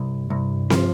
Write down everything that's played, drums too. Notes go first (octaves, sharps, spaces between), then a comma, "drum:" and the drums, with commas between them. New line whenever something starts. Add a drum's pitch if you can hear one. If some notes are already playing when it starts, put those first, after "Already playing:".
Already playing: C2 G2
C2
F3, drum: snare C4